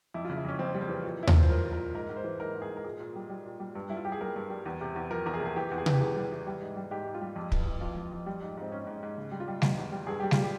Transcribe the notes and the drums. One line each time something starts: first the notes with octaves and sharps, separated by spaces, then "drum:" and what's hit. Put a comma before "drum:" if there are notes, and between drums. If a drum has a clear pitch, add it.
F2 E4
C#3 F4
E4
F2 C#4
F2 C4
G3
C4
E3
A#2
F3 E4
F4, drum: tom D#2
A#2
C5
F3 A#4
A#2
A#4
A#2
G#2 A#4
G#2
C5
E3
G#2 A#4
G#2
G#4
G#2
A#4
A#2 G#4
A#2
G3
G3
A#2
G3
G2
G3 E4
F4
G3 G4
G#4
G3 A#4
G2
G3
E2
C3
E2
F3 A#4
E2 A#4
G#4
C3
G#4
E3 G4
E2
G#4
E3, drum: tom C3
G4
E3 G#4
G3
E3
G3
G#2
G3
G#2 G4
G#2
F4
G3
F2
E3, drum: kick
F2
F2 F4
F2
F2
G3
G#2
G#2 C4
G#2 C#4
G#2
G#2
C#3
G3
F4
G3
E2, drum: snare G3
E2
G3
G2 G#4
G3 G4
F4, drum: snare G3
G3
G4